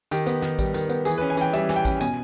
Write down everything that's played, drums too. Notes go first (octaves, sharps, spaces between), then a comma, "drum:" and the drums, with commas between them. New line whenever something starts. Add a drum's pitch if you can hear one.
D#3 G4, drum: tambourine
B3, drum: tambourine
D#3, drum: snare
G3, drum: kick A1, tambourine
D#3, drum: tambourine
B3, drum: tambourine
E3 G#4, drum: tambourine
C#4 B4
G#5
E3 G5, drum: tambourine
G3 E5, drum: tambourine
E3, drum: snare
G5
C#4, drum: kick A1, tambourine
B2 G#5, drum: tambourine